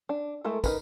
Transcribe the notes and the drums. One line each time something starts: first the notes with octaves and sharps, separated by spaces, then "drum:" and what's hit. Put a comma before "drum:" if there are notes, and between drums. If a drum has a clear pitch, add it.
D4
G#3 A3 E4 A4 A#4
D#4 A#4 B4, drum: kick, tambourine